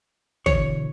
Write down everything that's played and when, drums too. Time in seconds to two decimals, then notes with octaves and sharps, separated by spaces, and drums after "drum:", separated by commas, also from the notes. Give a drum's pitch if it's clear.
0.46 B2 D3 E3 C#5, drum: kick